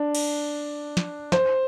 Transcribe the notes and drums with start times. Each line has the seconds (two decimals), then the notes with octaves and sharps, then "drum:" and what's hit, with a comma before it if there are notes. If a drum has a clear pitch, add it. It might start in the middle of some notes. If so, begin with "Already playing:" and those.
Already playing: D4
0.15 drum: cymbal
0.97 drum: snare
1.32 C5, drum: snare